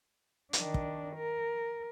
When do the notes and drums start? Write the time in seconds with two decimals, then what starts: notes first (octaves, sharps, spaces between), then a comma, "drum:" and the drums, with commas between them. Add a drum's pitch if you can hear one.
0.53 D#3 D4, drum: hi-hat
0.74 drum: kick
1.16 A#4